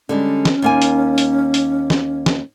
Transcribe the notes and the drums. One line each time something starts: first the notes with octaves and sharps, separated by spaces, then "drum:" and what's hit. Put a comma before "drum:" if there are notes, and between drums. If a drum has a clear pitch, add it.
D3 G3 G#3 C#4
drum: snare
D#2 A#3 G#5
drum: hi-hat
drum: hi-hat
drum: hi-hat
drum: snare
drum: snare